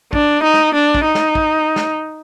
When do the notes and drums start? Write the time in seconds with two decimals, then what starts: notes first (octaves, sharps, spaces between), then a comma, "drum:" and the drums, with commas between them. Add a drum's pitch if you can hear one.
0.13 D4, drum: kick
0.43 D#4
0.54 drum: snare
0.74 D4
0.95 drum: kick
1.04 D#4
1.15 drum: snare
1.35 drum: kick
1.76 drum: snare